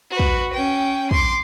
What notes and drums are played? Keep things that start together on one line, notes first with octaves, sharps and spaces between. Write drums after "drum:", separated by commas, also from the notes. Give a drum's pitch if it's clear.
F#4 B4
drum: kick
C#4 G5
C6 D6, drum: kick